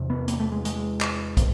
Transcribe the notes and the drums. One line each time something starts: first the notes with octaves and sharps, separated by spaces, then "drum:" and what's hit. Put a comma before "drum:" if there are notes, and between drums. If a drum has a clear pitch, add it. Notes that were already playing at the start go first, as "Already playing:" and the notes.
Already playing: E2 C3
B3
A#3, drum: hi-hat
A3
G#3
G#3, drum: hi-hat
drum: clap
drum: kick, hi-hat